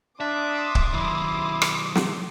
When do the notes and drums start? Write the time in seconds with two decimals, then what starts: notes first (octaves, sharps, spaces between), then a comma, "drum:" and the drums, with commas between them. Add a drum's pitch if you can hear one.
0.20 D4 E5 C6 D6 D#6
0.75 drum: kick C#1
0.93 D#3 F#3 E4
1.62 drum: rim click
1.95 drum: snare